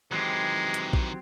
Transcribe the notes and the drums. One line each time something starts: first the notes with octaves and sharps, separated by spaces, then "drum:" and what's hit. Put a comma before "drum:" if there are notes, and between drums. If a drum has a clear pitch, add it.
D#3 E3 F#3 G#3 C4 G4
drum: hi-hat
drum: kick A#1